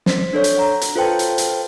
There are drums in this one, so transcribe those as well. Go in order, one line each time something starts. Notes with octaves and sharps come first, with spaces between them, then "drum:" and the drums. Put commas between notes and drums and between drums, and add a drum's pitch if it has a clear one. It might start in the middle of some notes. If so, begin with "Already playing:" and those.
C5 B6, drum: snare
D4 A4 C#5
drum: hi-hat
F#5 A#5
drum: hi-hat
F4 A4 B4 C5 G5 A5
drum: hi-hat
drum: hi-hat